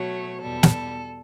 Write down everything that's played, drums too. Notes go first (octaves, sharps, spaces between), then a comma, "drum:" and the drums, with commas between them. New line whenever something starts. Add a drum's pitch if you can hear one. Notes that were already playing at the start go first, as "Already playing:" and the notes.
Already playing: B2 F#3 A3 C#5
E2 B2 G3 A4
drum: snare